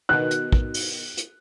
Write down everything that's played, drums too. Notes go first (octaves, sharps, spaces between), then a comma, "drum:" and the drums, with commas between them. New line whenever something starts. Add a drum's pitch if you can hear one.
B2 D#3 F#6
drum: hi-hat
drum: kick
drum: open hi-hat
drum: hi-hat